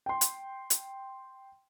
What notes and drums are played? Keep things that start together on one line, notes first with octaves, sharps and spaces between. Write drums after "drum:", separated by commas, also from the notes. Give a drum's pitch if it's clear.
G5 C6
drum: hi-hat
drum: hi-hat